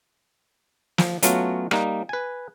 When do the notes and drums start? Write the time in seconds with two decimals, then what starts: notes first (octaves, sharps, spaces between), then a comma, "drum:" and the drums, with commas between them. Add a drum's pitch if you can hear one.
0.98 F3, drum: snare
1.23 F#3 A3 B3 C#4 F4 F#4, drum: hi-hat
1.71 G3 A#3 D#4, drum: rim click
2.09 B4 G#5